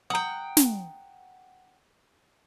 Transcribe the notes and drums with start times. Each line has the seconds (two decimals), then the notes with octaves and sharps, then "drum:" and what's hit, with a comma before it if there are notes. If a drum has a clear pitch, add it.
0.10 F#5 G5 A#5 D#6
0.57 drum: snare